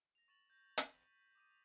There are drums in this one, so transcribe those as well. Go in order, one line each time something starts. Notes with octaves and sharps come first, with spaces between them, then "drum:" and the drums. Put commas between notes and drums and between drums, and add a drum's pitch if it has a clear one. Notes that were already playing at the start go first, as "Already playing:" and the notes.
A#6 F7
C#6 A6 E7 F#7
G6 A#6
B6 D#7 E7, drum: hi-hat
D6 D#6 D#7